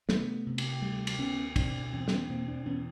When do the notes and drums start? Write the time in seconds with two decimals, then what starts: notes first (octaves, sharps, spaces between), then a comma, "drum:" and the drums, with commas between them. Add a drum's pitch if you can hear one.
0.09 C3 A3 B3, drum: snare
0.47 C3
0.58 drum: cymbal
0.82 D2 G3 A3
1.07 drum: cymbal
1.19 D2 B3 C#4
1.56 B2 C4 D4, drum: kick, cymbal
1.93 E2 C#4
2.00 C4
2.08 B3 C#4, drum: snare
2.29 B2 A#3 C4
2.47 C4 D4
2.65 E2 B3 C#4